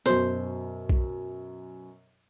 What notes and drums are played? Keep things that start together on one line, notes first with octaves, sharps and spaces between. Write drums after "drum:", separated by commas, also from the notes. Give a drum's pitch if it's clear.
F#2 B2 C5, drum: hi-hat
drum: kick B1